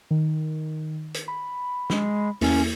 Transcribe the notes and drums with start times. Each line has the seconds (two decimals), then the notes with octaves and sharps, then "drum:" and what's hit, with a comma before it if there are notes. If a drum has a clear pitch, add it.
0.11 D#3
1.14 drum: hi-hat
1.28 B5
1.90 G#3, drum: snare
2.41 E2 A#3 C#4 E4, drum: open hi-hat